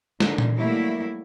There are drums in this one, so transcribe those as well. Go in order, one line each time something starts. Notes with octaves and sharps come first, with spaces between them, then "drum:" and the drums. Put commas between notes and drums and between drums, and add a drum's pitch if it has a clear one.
D3 E3 A#3 D#4, drum: snare
drum: tom A#2
F#3 G3 A3 A#3 E4